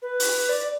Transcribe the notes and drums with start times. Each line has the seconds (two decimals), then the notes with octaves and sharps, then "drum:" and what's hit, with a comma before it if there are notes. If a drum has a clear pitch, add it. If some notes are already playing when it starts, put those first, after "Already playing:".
0.02 B4
0.20 drum: open hi-hat
0.49 D5